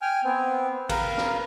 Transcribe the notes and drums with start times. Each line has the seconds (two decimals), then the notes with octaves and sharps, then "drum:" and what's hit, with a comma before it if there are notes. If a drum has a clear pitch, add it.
0.02 G5 G#5 F6
0.24 B3 C4
0.89 A#4 B4 F5, drum: kick, cymbal
1.18 drum: snare